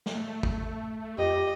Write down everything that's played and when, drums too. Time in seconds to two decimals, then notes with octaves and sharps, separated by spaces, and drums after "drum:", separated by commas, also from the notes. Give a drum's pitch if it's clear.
0.06 drum: snare
0.15 A3
0.43 drum: kick
1.18 F2 G4 D#5